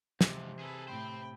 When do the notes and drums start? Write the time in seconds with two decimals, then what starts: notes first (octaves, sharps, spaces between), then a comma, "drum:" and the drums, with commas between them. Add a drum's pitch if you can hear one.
0.21 F2 G#2 C3 E3 F3, drum: snare
0.59 G#4 A4 B4
0.88 A2 C4 C5 G5 B5